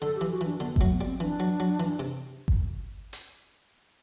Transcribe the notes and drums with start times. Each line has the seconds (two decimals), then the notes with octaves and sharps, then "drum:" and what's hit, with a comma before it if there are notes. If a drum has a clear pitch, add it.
0.01 D3 A4
0.16 G4
0.21 E3
0.31 F#4
0.41 E3 D4
0.60 D3 B3
0.76 F#3 A3, drum: kick G1
0.91 B3
1.01 G3 C4
1.20 E3 D4
1.40 F#3
1.60 F#3
1.80 E3
1.99 C3
2.48 drum: kick G1
3.13 drum: hi-hat